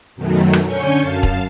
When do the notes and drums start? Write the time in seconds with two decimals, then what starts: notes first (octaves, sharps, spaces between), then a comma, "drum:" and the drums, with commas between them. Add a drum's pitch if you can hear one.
0.16 F#2 B2 D#3 F#3 A3
0.53 drum: rim click
0.64 D3 C#4 C#5 G#5 G6 C#7
1.00 F#2 F5 A5
1.23 drum: kick